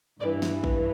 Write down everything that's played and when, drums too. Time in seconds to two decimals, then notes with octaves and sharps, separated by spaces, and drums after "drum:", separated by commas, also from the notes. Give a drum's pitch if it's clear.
0.20 G2 E3 D5
0.42 drum: snare
0.64 drum: kick